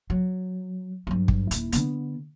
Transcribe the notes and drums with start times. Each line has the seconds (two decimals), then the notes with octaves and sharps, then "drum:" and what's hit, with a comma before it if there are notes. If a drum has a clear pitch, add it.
0.10 F#3
1.07 G2 F#3
1.28 drum: kick
1.51 D#1 E4, drum: hi-hat
1.72 D3 B3, drum: hi-hat